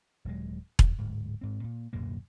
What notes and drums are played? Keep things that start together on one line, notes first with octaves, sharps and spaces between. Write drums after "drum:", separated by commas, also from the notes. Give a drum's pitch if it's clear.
D#1 F#3 G#3
E2, drum: kick E1
D1 G#2
G#2 C4
A#2
D1 F#2 B2 A#3